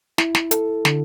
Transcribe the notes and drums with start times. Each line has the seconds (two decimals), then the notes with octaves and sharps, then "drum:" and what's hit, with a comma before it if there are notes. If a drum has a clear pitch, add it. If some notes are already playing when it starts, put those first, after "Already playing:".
0.18 E4, drum: snare
0.35 drum: snare
0.51 A4, drum: hi-hat
0.85 D3, drum: snare